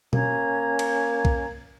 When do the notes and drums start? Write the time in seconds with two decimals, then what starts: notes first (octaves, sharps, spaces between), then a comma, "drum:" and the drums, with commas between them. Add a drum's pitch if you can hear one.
0.13 A#3 C#4 A#5 G#6, drum: tom B2
0.79 drum: cymbal
1.25 drum: kick B1